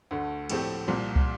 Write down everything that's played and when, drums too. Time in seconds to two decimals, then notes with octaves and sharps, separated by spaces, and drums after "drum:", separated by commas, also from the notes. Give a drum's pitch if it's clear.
0.11 D2 D3 A3
0.50 A#1 A2 A3 C4 G4, drum: cymbal
0.88 C2 A#2 F3 C4
1.16 drum: kick